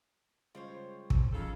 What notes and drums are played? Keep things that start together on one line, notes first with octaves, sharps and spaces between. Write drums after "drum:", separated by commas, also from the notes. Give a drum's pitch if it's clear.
C#3 G3 G#3 F4 C5 C#5
drum: kick
E2 C#3 F3 D#4 F4 A4